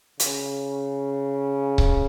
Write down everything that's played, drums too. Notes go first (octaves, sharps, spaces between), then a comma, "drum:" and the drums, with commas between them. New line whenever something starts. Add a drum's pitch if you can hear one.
C#3, drum: hi-hat
drum: kick C#1